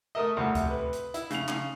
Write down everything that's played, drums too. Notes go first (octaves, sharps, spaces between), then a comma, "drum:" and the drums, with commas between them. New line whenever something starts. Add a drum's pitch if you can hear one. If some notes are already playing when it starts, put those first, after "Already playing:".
A3 A#4 D#5 E5 D#6
D2 A2 C3 G3 A4
drum: kick C#2, hi-hat
B4
drum: hi-hat
E4, drum: hi-hat
C#3 C7 F7, drum: hi-hat
C#3, drum: clap